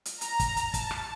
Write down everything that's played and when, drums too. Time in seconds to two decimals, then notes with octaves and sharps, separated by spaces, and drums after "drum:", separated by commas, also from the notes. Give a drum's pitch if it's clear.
0.05 drum: hi-hat
0.21 A#5, drum: hi-hat
0.40 drum: kick, hi-hat
0.57 drum: hi-hat
0.74 A5, drum: kick, hi-hat
0.91 drum: rim click